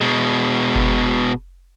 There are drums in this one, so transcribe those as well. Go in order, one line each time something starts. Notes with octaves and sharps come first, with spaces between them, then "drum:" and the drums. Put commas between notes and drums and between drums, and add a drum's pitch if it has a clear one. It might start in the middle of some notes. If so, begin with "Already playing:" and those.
B2 G#3
drum: kick F#1